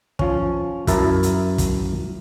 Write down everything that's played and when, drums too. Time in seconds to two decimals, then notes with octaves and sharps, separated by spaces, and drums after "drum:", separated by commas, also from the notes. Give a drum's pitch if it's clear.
0.19 F3 C#4, drum: kick
0.87 F#2 E4 A#4 E5 A5, drum: kick, hi-hat
1.23 drum: hi-hat
1.58 drum: kick, hi-hat